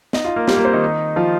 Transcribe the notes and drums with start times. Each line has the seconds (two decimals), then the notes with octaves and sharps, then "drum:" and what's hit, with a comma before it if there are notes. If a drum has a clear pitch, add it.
0.13 D#4 D#5, drum: snare
0.24 F4 F5
0.36 A#3 A#4
0.48 G3 G4, drum: snare
0.57 A#3 A#4
0.65 C4 C5
0.73 D#3 D#4
1.16 F3 F4